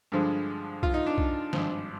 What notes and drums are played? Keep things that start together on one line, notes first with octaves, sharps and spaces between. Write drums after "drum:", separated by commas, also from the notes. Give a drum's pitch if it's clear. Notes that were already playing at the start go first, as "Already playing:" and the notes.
G2 D3 F3 G#3
F4, drum: kick
D#4
D4
drum: kick
G#1 G2 F3, drum: snare D#3